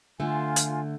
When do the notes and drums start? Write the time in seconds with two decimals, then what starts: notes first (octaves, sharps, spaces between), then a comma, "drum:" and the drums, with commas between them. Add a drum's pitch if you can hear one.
0.20 D3 A3 F4 G#5
0.56 drum: hi-hat